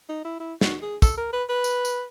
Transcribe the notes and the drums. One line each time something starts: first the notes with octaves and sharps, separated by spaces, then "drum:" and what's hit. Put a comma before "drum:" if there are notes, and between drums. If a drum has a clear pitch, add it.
D#4
E4
E4
F#4, drum: snare
G#4
A4, drum: kick, tambourine
A#4
B4
B4
drum: tambourine
drum: tambourine